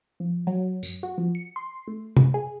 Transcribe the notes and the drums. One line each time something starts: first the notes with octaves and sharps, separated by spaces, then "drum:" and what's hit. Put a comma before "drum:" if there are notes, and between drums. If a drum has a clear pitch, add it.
F3
F#3
F#2, drum: tambourine
F#4
F3
C#7
C6
A3
drum: tom C3
G#4